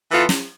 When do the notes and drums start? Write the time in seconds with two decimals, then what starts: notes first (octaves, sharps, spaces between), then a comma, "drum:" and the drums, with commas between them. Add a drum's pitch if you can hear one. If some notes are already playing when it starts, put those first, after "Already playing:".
0.11 E3 B3 F4 A4
0.29 drum: snare